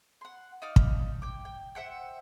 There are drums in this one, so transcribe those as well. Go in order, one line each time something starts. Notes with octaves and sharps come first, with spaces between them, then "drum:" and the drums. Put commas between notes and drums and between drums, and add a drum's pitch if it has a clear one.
F#5 C6
D#4 D5 F5 F6
drum: kick
G5 D6
G5
C5 E5 F#5 G5